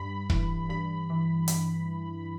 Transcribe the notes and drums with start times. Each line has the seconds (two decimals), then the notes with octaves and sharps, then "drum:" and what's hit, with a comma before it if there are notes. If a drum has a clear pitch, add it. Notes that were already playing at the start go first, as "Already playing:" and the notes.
Already playing: G2 B5
0.30 E3, drum: kick
0.69 G2 B5
1.10 E3
1.48 drum: hi-hat